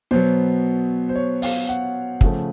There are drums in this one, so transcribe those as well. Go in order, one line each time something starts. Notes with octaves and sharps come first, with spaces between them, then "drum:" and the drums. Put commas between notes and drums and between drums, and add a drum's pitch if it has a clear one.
B2 F#3 B3 C5
C5
C#5
F5, drum: open hi-hat
F#5
C#3 F3 A3, drum: kick